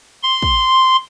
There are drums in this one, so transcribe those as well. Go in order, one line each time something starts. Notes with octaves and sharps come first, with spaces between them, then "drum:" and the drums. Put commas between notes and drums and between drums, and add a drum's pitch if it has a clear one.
C6
drum: kick